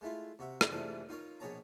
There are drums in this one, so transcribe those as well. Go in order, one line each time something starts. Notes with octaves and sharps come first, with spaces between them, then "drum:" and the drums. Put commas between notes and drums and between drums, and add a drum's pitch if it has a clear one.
G#3 A3 E4 F4
C3 F#4 E5
drum: rim click
C3 E3 G#3 A3 D4 F4
D#4 F4 A#4 C#5
A#1 B2 G#4 C#5 A5 A#5